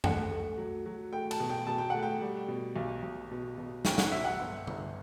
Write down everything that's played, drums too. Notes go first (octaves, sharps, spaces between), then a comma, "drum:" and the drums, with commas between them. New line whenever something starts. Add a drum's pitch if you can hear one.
A3 F#5, drum: tom F2
A3
F#3
F#3
A3 G5
A5, drum: cymbal
B2
G5
B2 A5
G5
A3 F#5
G5
G3
B2
B1
B1
B2
B2
B1 G5, drum: snare
F#5, drum: snare
B1 E5
F#5
G1
G1, drum: tom D3